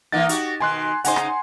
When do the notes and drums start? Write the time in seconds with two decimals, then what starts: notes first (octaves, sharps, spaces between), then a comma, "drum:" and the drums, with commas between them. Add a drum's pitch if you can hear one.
0.12 E3 A#3 D#4 F#5 A6
0.29 F#4 G4, drum: hi-hat
0.60 B2 D#3 G#5 C6 F#6
1.04 C#3 D#4 C5 F#5 G#5 C6, drum: hi-hat
1.16 drum: rim click